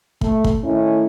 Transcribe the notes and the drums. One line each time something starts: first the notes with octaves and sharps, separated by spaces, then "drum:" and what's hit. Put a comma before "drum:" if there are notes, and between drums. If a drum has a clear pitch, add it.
A3, drum: kick
drum: kick
D#3 A3 C#4 D#4 E4